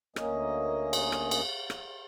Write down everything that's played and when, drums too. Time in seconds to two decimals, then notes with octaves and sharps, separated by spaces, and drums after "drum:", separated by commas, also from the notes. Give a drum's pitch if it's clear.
0.16 D2 A#3 C#4 D#5, drum: rim click
0.93 drum: cymbal
1.12 drum: rim click
1.31 drum: cymbal
1.70 drum: rim click